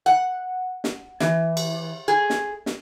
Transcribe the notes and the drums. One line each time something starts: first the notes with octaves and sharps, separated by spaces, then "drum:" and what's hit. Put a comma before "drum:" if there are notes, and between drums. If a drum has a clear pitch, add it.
F#5
drum: snare
E3, drum: snare
drum: cymbal
G#4
drum: snare
drum: snare